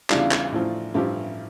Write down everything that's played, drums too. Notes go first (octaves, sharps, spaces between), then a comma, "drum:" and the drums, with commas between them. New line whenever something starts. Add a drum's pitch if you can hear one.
E2 C#3 G3 D4 F4, drum: clap
drum: clap
A1 A2 F3
A1 G2 F3 E4 G4